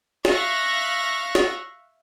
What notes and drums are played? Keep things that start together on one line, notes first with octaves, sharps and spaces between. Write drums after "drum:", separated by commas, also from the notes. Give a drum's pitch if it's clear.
E5 F5 C#6 F#6 A#6, drum: snare
drum: snare